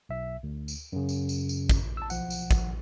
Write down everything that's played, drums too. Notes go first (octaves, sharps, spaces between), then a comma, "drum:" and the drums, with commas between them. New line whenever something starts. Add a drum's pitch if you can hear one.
B1 E5
D2
drum: tambourine
F#2 C#3
drum: tambourine
drum: tambourine
drum: tambourine
drum: kick, tambourine
A5 E6
B1 F3 F#5, drum: tambourine
drum: tambourine
drum: kick, tambourine